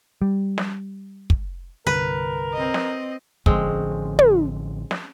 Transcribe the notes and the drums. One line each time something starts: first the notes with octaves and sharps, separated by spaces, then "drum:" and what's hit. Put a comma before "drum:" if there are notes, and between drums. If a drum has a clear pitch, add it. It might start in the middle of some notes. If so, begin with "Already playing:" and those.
G3
drum: snare
drum: kick
C2 G2 D3 A#4 B4
C4 D#5
drum: snare
A1 D3 F3 G#3 C4 C#4, drum: kick
drum: tom
drum: snare